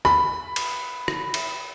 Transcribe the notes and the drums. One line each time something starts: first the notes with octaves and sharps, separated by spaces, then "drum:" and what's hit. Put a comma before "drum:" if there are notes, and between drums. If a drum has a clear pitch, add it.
B5, drum: rim click
drum: cymbal
drum: rim click
drum: cymbal